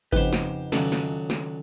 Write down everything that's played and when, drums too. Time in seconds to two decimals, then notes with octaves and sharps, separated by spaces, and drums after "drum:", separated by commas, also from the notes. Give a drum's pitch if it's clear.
0.12 F2 C#3 D#4 G4 B4 C5 F#5, drum: kick G#1
0.33 drum: snare
0.72 C#2 D#3 F#3 C#4 D4 A4, drum: snare
0.92 drum: snare
1.30 drum: snare